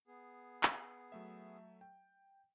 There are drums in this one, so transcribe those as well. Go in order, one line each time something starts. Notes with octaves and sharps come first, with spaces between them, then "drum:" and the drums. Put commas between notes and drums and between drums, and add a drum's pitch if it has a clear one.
B3 G#4
drum: clap
F#3 A3 E5
G5